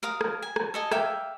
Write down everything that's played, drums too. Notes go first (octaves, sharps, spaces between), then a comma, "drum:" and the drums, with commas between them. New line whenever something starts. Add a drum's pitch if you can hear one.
A#4 F5 D#6
drum: rim click
G#5
drum: rim click
A4 D#5 G#5
E5 F5 G5 D6, drum: rim click